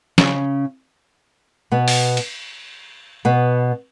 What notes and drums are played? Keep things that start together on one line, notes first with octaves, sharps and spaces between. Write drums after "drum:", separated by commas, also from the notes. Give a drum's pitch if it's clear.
C#3 C#4, drum: snare
B2 B3
drum: open hi-hat
drum: cymbal
B2 B3